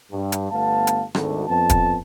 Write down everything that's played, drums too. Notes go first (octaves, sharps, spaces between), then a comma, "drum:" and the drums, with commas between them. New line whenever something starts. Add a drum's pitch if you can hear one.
G2
drum: hi-hat
G1 A3 B3 F5 A5
drum: hi-hat
G#1 D2 A4, drum: rim click
F2 B3 A5
drum: kick, hi-hat